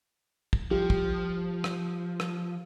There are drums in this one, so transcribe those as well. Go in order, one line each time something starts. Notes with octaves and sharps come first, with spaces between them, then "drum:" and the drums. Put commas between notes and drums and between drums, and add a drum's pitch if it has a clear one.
drum: kick
F3 G4
drum: kick
drum: rim click
drum: rim click